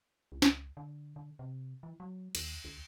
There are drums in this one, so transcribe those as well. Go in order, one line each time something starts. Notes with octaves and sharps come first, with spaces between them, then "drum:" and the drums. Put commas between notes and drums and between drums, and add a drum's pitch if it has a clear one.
C#2
drum: snare
D3
D3
C3
E3
F#3
D#2, drum: cymbal
D2